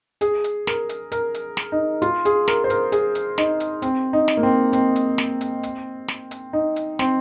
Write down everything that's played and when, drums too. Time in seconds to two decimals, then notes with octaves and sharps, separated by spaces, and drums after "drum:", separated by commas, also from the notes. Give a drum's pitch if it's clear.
0.21 G#4, drum: hi-hat
0.44 drum: hi-hat
0.67 A#4, drum: snare
0.89 drum: hi-hat
1.12 A#4, drum: hi-hat
1.34 drum: hi-hat
1.57 drum: snare
1.72 D#4
2.02 F4, drum: hi-hat
2.25 G#4, drum: hi-hat
2.48 A#4, drum: snare
2.64 C5
2.70 A#4, drum: hi-hat
2.92 G#4, drum: hi-hat
3.15 drum: hi-hat
3.38 D#4, drum: snare
3.60 drum: hi-hat
3.82 C4, drum: hi-hat
4.13 D#4
4.28 drum: snare
4.37 A#3
4.43 C4
4.73 C4, drum: hi-hat
4.96 drum: hi-hat
5.18 drum: snare
5.41 drum: hi-hat
5.63 drum: hi-hat
6.08 drum: snare
6.31 drum: hi-hat
6.53 D#4
6.76 drum: hi-hat
6.99 C4, drum: snare